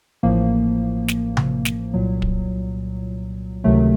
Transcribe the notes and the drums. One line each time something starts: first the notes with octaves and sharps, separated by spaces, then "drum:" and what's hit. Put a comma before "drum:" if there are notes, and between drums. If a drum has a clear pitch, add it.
A1 A2 F3 A#3
drum: snare
drum: tom C3
drum: snare
C2 A#2 F#3
drum: kick
C#2 C3 D#3 F#3 A3